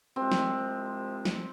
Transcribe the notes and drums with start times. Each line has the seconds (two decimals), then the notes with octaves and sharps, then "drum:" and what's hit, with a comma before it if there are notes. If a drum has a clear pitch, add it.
0.16 C2 C3 F3 G#3 C4
0.32 drum: snare
1.25 drum: snare